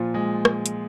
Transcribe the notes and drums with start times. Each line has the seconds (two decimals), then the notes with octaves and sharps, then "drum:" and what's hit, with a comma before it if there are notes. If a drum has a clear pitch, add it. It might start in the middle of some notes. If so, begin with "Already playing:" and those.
Already playing: A#2 F3 F4
0.14 G#3
0.45 drum: rim click
0.66 drum: hi-hat